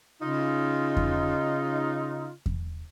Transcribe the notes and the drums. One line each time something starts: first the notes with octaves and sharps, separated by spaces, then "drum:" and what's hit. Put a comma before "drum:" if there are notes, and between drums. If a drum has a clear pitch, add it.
C#3 D#4 F4
drum: kick E2
drum: kick E2